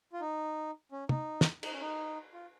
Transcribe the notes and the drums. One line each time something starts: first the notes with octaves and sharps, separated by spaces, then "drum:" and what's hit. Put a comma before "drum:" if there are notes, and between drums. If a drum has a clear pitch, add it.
F4
D#4
C#4
D#4, drum: tom
drum: snare
D#4, drum: cymbal
C#4
D#4
F4